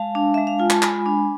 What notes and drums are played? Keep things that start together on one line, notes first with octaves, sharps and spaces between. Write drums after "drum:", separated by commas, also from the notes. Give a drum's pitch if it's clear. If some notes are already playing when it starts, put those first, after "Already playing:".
Already playing: G#3 F5 A5
D4
G#3 E5
F5
F4 G#5
A5, drum: clap
G#3 G#5 B5, drum: clap
D4